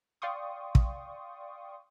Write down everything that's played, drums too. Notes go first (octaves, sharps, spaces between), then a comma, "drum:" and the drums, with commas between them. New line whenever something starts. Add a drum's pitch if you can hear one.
D5 F5 G5 C6 C#6 D#6
drum: kick